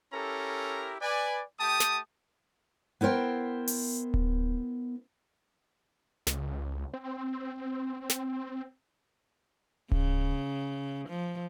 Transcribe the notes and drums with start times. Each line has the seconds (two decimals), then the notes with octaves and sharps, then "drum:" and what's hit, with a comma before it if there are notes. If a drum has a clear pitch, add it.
0.13 C#4 E4 G4 A4 A#4 A#5
1.01 B4 D5 G#5
1.60 A3 G4 G5 A5 D#6
1.80 drum: snare
3.01 B3 E4 A#4 C5 G5
3.68 drum: open hi-hat
4.14 drum: kick D1
6.27 C#2, drum: snare
6.94 C4
8.10 drum: snare
9.91 C#3, drum: kick D1
11.09 F3